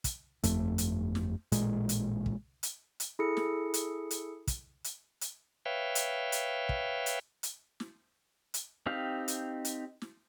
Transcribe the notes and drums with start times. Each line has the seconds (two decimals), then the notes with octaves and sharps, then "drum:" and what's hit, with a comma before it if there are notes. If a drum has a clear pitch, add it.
0.04 drum: kick, hi-hat
0.43 G1 F2 A3, drum: hi-hat
0.78 drum: hi-hat
1.15 drum: snare
1.52 A1 A#2 G#3, drum: hi-hat
1.89 drum: hi-hat
2.26 drum: kick
2.63 drum: hi-hat
3.00 drum: hi-hat
3.19 E4 G#4 A4 C#7
3.37 drum: snare
3.74 drum: hi-hat
4.11 drum: hi-hat
4.47 drum: kick, hi-hat
4.84 drum: hi-hat
5.21 drum: hi-hat
5.66 B4 C#5 E5 F5 G5
5.95 drum: hi-hat
6.32 drum: hi-hat
6.69 drum: kick
7.06 drum: hi-hat
7.43 drum: hi-hat
7.80 drum: snare
8.54 drum: hi-hat
8.86 C4 D#4 G4 F5
9.28 drum: hi-hat
9.65 drum: hi-hat
10.02 drum: snare